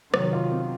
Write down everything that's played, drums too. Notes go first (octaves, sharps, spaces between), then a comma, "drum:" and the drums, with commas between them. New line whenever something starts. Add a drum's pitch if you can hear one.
C3 D#3 F#3, drum: rim click
F4
C4